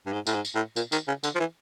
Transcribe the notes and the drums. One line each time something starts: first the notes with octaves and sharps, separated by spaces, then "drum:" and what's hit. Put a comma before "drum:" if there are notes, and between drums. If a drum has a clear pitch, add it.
G2
G#2
A2, drum: tambourine
G#2
drum: tambourine
A2
A#2, drum: tambourine
D#3, drum: tambourine
C#3
D3, drum: tambourine
F3
E3